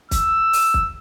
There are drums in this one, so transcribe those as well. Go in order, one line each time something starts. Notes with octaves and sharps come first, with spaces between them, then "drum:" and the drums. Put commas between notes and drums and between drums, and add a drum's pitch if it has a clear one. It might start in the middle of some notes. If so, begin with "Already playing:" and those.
E6, drum: kick, hi-hat
drum: open hi-hat
drum: kick